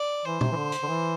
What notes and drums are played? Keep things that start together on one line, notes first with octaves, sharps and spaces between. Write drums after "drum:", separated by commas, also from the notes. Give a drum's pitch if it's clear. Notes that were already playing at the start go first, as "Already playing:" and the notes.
Already playing: D5
E3 C5
C3, drum: tom
E3
D3
drum: hi-hat
D3
E3